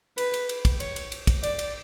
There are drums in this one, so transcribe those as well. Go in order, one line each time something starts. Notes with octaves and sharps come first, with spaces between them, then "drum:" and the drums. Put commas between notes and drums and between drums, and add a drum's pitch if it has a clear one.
B4, drum: cymbal
drum: cymbal
drum: cymbal
drum: kick, cymbal
C#5, drum: cymbal
drum: cymbal
drum: cymbal
drum: kick, cymbal
D5, drum: cymbal
drum: cymbal